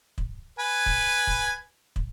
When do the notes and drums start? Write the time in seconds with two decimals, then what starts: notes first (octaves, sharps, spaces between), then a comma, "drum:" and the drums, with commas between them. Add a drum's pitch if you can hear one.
0.18 drum: kick
0.59 B4 G#5
0.86 drum: kick
1.27 drum: kick
1.96 drum: kick